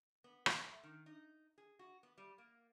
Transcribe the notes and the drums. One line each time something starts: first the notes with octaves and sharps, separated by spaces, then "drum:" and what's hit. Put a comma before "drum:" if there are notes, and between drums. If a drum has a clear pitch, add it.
B3
F#3, drum: rim click
A3
D#3
D#4
G#4
F#4
B3
G3
A#3